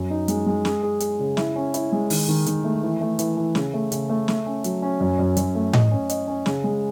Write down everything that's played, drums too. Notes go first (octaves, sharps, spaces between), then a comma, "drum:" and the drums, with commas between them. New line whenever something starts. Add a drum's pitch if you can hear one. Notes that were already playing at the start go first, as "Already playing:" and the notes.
Already playing: F#2
D#4
G#3, drum: hi-hat
G#3
G#4, drum: snare
G#4
G#4, drum: hi-hat
C#3
E4, drum: snare
C#4
E4, drum: hi-hat
G#3
D#3, drum: open hi-hat
D#3
D#3, drum: hi-hat
A3
E3
A3
E3, drum: hi-hat
E3
C#3, drum: snare
A3
C#3, drum: hi-hat
A3
A3, drum: snare
C#4
F#3, drum: hi-hat
C#4
F#2
F#2
F#2, drum: hi-hat
A3
D#5, drum: tom A2
C#4
D#5, drum: hi-hat
C#4
C#3, drum: snare
G#3